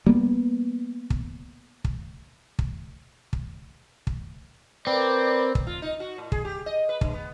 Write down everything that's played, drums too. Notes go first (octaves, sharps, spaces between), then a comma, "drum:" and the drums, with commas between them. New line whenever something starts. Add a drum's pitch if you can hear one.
G3 A#3 B3
drum: kick
drum: kick
drum: kick
drum: kick
drum: kick
C4 A#4 B4 D5
drum: kick
F4
D#4
F#4
A2
G#4, drum: kick
G4
D#5
B4
G2, drum: kick
B3